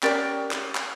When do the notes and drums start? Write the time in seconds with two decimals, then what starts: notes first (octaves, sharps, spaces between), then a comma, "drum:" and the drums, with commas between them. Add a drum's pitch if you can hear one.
0.03 C#4 G4 A#4 D5, drum: clap
0.51 drum: clap
0.75 drum: clap